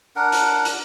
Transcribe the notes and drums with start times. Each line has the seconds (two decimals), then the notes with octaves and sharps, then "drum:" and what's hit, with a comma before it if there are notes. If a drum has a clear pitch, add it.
0.16 D4 A#4 F#5
0.32 drum: hi-hat
0.65 drum: hi-hat